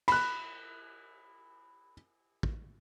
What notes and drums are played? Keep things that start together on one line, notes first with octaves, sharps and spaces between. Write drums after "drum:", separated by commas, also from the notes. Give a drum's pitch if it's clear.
B5 F#6, drum: cymbal
drum: kick